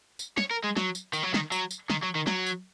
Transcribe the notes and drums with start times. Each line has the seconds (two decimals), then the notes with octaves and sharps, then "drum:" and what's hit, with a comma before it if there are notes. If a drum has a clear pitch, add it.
0.19 drum: tambourine
0.38 C#5, drum: snare
0.50 A#4
0.63 G#3
0.77 F#3, drum: snare
0.95 drum: tambourine
1.13 D#3, drum: tambourine
1.23 F#3
1.34 D#3, drum: snare
1.52 F#3, drum: tambourine
1.71 drum: tambourine
1.90 D#3, drum: snare
2.03 F#3
2.15 D#3
2.27 F#3, drum: snare
2.46 drum: tambourine